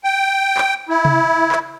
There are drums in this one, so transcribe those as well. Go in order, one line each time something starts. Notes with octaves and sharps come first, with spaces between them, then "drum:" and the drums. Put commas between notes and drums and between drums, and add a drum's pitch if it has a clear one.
G5
drum: clap
E4
drum: tom C3
drum: clap